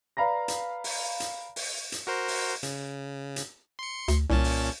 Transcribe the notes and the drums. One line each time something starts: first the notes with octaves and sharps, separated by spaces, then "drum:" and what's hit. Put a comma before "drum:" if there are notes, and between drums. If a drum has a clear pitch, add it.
B4 D5 F5 A#5 B5 A#6
drum: hi-hat
drum: open hi-hat
drum: hi-hat
drum: open hi-hat
drum: hi-hat
F#4 A#4 C5
drum: open hi-hat
C#3, drum: hi-hat
drum: hi-hat
C6 C#7
D2, drum: hi-hat
C2 A#2 C#4 A5
drum: open hi-hat